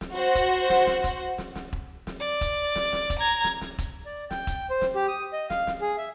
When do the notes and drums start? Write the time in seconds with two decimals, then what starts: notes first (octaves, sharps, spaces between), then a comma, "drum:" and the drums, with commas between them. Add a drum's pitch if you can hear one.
0.01 drum: snare
0.14 F#4 C5 F#5
0.35 drum: kick E1, hi-hat
0.70 drum: snare
0.87 drum: snare
1.04 drum: kick E1, hi-hat
1.38 drum: snare
1.55 drum: snare
1.73 drum: kick E1
2.07 drum: snare
2.20 D5
2.41 drum: kick E1, hi-hat
2.76 drum: snare
2.93 drum: snare
3.10 drum: kick E1, hi-hat
3.19 A#5 G#6
3.44 drum: snare
3.61 drum: snare
3.78 drum: kick E1, hi-hat
4.06 D5
4.31 G5, drum: snare
4.47 drum: kick E1, hi-hat
4.70 C5
4.81 drum: snare
4.95 G4
5.08 D#6
5.33 D#5
5.50 F5, drum: snare
5.67 drum: snare
5.81 G#4
5.97 E5